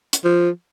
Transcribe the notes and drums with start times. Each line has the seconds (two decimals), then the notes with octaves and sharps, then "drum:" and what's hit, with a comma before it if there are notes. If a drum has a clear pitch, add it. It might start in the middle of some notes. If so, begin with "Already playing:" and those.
0.13 drum: hi-hat
0.24 F3